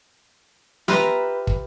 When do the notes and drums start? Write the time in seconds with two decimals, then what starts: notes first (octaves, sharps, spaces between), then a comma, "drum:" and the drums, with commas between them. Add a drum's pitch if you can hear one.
0.88 F4 G4 B4 E5 A#5, drum: snare
1.47 drum: kick